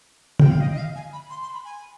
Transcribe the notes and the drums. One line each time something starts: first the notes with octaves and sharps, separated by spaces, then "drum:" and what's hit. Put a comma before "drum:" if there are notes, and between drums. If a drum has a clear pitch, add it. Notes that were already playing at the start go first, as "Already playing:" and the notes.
G5, drum: tom
F5
D#5
D#5
F5
G#5
B5
C6
C6
B5
G#5